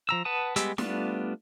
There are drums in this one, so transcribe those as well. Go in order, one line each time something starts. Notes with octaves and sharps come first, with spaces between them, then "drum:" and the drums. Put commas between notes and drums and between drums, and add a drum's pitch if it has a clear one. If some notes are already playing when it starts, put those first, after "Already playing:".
F3 A#5 E6
B4 F#5 A5 D#6
G3 G#3 B3 G4 E6, drum: hi-hat
G3 A3 B3 D4 F4, drum: snare